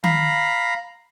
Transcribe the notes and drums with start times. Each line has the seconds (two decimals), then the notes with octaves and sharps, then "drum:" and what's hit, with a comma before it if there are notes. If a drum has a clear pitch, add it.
0.04 F5 A#5 B5, drum: tom D#3